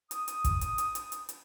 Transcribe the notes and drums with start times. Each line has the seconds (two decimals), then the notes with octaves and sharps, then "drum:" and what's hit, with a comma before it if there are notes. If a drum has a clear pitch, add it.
0.11 D#6, drum: hi-hat
0.28 drum: hi-hat
0.44 drum: kick, hi-hat
0.61 drum: hi-hat
0.78 drum: hi-hat
0.95 drum: hi-hat
1.12 drum: hi-hat
1.29 drum: hi-hat